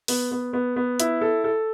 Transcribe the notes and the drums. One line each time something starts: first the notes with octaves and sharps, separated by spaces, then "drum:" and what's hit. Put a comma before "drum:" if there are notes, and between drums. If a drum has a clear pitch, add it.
B3, drum: open hi-hat
B3
B3
B3
E4, drum: hi-hat
A4
A4